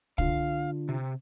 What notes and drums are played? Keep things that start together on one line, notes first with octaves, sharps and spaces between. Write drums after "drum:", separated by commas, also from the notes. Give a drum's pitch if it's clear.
D3 D4 F4 F5, drum: kick
C3